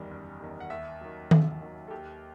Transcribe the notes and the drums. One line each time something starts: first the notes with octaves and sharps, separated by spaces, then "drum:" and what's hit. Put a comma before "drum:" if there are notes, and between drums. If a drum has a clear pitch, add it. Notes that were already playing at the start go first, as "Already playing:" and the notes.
Already playing: F#1 E2 D#3 G3
F#1
E2 D#3 G3
F#5
D#2 E5
D#3 F#3
D#2, drum: tom D#3
D#3 F#3
A4
D#2 G4